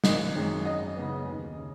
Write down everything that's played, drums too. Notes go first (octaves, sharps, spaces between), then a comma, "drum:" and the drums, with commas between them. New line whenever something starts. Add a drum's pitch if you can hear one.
G#1 D#5, drum: snare
F#2 D#3 G#3
F#2 D#5
C#3 G#3 B3
D#2
C#3